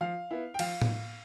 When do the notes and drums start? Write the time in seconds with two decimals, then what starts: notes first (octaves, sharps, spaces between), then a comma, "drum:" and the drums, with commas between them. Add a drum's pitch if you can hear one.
0.01 F3 F5
0.31 B3 E4
0.54 G5
0.59 F3 F5, drum: cymbal
0.82 drum: tom A2